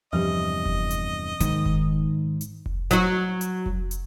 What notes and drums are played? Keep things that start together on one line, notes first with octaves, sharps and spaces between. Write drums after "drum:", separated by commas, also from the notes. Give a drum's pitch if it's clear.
E2 G2 C3 F3 G4 D#5
drum: kick F1
drum: hi-hat
G#2 D#3, drum: hi-hat
drum: kick F1
drum: hi-hat
drum: kick F1
F#3 F#4, drum: hi-hat
drum: hi-hat
drum: kick F1
drum: hi-hat